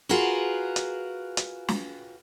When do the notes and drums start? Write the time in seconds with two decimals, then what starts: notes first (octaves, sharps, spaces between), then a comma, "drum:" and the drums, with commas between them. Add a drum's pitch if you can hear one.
0.09 F4 F#4 G#4 A#4 B4
0.76 drum: hi-hat
1.37 drum: hi-hat
1.68 drum: snare